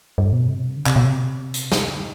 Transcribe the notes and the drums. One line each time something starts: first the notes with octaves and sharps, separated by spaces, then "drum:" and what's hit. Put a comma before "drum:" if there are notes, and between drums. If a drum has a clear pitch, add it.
G2
B2
C3
D3
C3, drum: clap
B2
C3
drum: hi-hat
drum: snare
D3